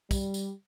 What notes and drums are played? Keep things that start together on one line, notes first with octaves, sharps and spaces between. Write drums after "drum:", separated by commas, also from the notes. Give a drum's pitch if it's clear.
G3, drum: kick, tambourine
drum: tambourine